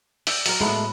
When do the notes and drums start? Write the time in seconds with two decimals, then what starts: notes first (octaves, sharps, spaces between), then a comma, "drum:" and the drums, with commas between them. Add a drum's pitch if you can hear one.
0.27 D5 E5 G5, drum: open hi-hat
0.46 F#3 A#4, drum: open hi-hat
0.61 A2 G#3 A3 B3